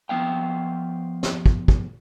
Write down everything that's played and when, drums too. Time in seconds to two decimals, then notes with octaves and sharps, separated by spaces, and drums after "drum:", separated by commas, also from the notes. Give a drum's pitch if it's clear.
0.09 F3 B3 F5 G5
1.23 drum: snare
1.46 drum: kick
1.68 drum: kick